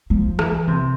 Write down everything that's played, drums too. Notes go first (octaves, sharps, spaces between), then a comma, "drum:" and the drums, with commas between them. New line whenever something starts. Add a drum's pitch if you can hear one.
F3
E3, drum: rim click
C3